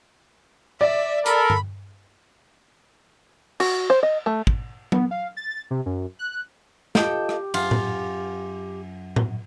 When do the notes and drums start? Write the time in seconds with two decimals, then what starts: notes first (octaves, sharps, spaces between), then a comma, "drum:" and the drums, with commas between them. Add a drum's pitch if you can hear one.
0.81 D5 E5
1.26 A4 A#4 B5, drum: hi-hat
1.50 drum: tom G2
3.60 F#4, drum: cymbal
3.90 C5
4.03 D#5
4.26 A3
4.47 drum: kick
4.92 B3, drum: tom F#3
5.11 F5
5.37 A6
5.71 C3
5.86 F#2
6.19 F#6
6.95 F4 G4 A4 D#5 G5, drum: snare
7.29 drum: rim click
7.54 F#2 F4, drum: cymbal
7.71 drum: tom A2
9.16 drum: tom A2